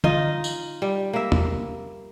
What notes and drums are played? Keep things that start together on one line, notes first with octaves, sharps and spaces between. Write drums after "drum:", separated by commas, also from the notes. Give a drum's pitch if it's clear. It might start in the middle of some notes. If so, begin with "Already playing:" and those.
D#4 F4 D#5, drum: tom
drum: tambourine
G3
A#3 E5
drum: tom